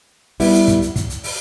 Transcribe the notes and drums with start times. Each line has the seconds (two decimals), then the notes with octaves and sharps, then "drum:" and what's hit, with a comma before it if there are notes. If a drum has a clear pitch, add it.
0.40 G3 B3 E4, drum: open hi-hat
0.54 drum: hi-hat
0.68 drum: kick, hi-hat
0.82 drum: hi-hat
0.96 drum: kick, hi-hat
1.10 drum: hi-hat
1.24 drum: open hi-hat